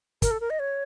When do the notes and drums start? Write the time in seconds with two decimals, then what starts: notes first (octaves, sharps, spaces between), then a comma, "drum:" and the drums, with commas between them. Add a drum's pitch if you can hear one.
0.22 A#4, drum: kick, hi-hat
0.31 A4
0.41 A#4
0.50 D#5
0.59 C#5